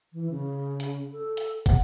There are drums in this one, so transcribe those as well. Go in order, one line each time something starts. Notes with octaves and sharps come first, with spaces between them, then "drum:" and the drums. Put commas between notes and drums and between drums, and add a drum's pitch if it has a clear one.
E3
C#3
drum: hi-hat
A4
drum: hi-hat
F#5, drum: kick, hi-hat